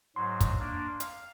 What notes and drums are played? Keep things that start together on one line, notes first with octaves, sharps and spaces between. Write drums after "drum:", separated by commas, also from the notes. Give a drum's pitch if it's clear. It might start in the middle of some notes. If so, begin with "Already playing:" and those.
G#2 F#3 C6
drum: kick, hi-hat
A#3 D4
F5, drum: hi-hat